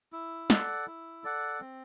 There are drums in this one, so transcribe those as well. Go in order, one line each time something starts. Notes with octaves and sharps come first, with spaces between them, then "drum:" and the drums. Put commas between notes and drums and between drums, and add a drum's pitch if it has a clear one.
E4
A4 D5 F#5, drum: snare
E4
A4 D5 F#5
C4